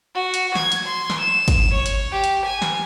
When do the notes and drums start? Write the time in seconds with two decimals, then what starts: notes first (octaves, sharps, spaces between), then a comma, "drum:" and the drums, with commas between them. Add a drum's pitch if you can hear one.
0.15 F#4
0.34 drum: hi-hat
0.55 G#6, drum: snare
0.72 drum: hi-hat
0.87 C6
1.10 drum: snare
1.21 E7
1.48 drum: kick, hi-hat
1.74 C#5
1.86 drum: hi-hat
2.11 G4
2.24 drum: hi-hat
2.46 G#5
2.62 drum: snare